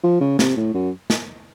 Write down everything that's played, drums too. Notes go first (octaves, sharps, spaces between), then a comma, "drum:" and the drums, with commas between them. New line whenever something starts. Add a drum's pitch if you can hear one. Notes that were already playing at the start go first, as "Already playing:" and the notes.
F3
C#3
C3, drum: snare
A2
F#2
drum: snare